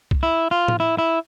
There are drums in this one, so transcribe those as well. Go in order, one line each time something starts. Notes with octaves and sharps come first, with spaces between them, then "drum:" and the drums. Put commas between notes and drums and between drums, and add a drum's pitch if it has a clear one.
drum: kick C2
E4
F4
drum: tom A2
E4
E4